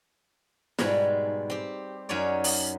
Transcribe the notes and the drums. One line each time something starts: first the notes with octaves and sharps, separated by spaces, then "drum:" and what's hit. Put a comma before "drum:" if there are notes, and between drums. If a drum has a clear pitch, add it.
G#2 B2 G3 G#3, drum: snare
C4 G4
F#2 C#4 D#4 C#5 D5
drum: open hi-hat